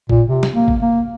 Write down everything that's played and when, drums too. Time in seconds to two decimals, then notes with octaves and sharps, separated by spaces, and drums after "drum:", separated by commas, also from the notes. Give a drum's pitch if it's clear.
0.09 A#2, drum: kick
0.27 C3
0.43 drum: snare
0.55 A#3
0.68 drum: kick
0.82 A#3